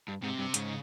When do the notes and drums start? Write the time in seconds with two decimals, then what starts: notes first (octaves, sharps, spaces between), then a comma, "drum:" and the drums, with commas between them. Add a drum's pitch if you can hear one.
0.08 G2
0.23 G#2 C3
0.39 G2
0.54 G#2 C#3, drum: hi-hat